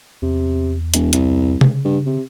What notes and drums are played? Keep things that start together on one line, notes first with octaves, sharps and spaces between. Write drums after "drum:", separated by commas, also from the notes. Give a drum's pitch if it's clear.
E2 C3
E1, drum: hi-hat
C2, drum: hi-hat
C#3, drum: tom C3
G2
C3